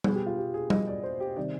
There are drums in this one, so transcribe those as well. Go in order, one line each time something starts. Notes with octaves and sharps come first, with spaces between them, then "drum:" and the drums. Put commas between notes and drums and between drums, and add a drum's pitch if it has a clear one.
B2 B3 G#4, drum: tom G3
G4
F4
G4
G#4
D#5, drum: tom G3
D5
C5
G4
C3 D#3 G3 D5